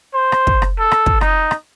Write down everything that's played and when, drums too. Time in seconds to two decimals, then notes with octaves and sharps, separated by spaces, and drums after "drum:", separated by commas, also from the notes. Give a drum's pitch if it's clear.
0.14 C5
0.32 drum: rim click
0.47 drum: kick
0.62 drum: rim click
0.79 A4
0.91 drum: rim click
1.06 drum: kick
1.21 D#4, drum: rim click
1.51 drum: rim click